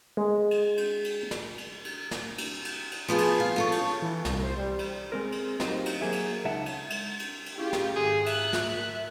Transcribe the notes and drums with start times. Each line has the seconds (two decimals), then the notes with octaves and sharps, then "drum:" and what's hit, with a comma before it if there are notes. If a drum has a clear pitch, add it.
0.17 G#3
0.51 drum: cymbal
0.78 drum: cymbal
1.04 drum: cymbal
1.31 drum: snare
1.58 drum: cymbal
1.85 drum: cymbal
2.11 drum: snare
2.38 drum: cymbal
2.65 drum: cymbal
2.92 drum: cymbal
3.08 F3 B3 F4 G#4
3.18 drum: cymbal
3.40 F5
3.56 F4 A4 C#5
3.72 drum: cymbal
4.02 E3
4.25 C2, drum: snare
4.43 C5
4.56 G3
4.79 drum: cymbal
5.12 G#3 C4 A#4
5.32 drum: cymbal
5.60 F#3 C4 D#4 F4 G4 C5, drum: snare
5.86 drum: cymbal
6.01 F#3 A#3 G#4 E5
6.12 drum: cymbal
6.45 C#2 D#4 E5 F#5 A5
6.66 drum: cymbal
6.90 G#3, drum: cymbal
7.19 drum: cymbal
7.46 drum: cymbal
7.57 C#4 E4 F4 G4 G#4
7.73 drum: snare
7.96 G#2 D#3 G#4 A4
8.26 E5 F#6, drum: cymbal
8.53 drum: snare
8.73 A#4